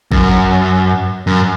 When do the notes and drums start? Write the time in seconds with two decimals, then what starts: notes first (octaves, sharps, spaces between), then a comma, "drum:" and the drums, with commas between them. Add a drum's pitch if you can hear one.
0.12 F#2, drum: kick
1.27 F#2